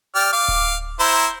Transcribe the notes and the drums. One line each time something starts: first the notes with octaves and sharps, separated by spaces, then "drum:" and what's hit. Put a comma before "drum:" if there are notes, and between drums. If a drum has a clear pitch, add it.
G4 D5 F6
F5 D6
drum: kick D1
E4 C5 A#5